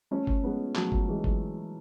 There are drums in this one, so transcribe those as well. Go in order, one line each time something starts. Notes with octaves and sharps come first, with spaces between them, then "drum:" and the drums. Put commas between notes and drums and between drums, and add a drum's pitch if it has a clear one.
A3 C#4
drum: kick G1
G#3 B3
F#3 A3, drum: clap
drum: kick G1
E3 G#3
drum: kick G1